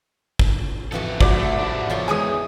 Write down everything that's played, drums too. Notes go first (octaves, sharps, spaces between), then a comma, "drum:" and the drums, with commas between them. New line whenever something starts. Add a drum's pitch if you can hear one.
drum: kick
F2 E3 B3 F#4 A4
C2 G2 F3 F#3 D5, drum: kick
A3
D4 E4
E2 F3 A4 C#5 C6
E3 G#3 G#4 G#5 D#6